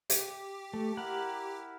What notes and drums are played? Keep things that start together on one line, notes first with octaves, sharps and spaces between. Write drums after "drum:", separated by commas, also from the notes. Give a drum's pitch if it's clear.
G4, drum: hi-hat
A3
E4 A#4 F#5